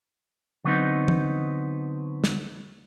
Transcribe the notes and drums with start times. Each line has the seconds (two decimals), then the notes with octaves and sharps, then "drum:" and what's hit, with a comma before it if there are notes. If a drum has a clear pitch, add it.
0.64 D3 F#3 G3 B3 C4 D#4
1.08 drum: tom E3
2.24 drum: snare